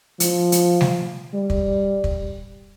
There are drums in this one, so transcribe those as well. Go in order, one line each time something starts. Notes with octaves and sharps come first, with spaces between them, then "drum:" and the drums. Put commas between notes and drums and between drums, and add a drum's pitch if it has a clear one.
F3, drum: hi-hat
drum: hi-hat
drum: snare G3
G3
drum: kick
drum: kick